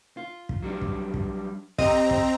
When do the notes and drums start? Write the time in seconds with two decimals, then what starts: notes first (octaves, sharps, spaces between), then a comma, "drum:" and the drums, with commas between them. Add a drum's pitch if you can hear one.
0.17 F4
0.49 drum: kick
0.63 F#3 G3 D4
0.82 drum: kick
1.14 drum: kick
1.78 C4 G4 D#5 A#5, drum: kick
2.11 drum: kick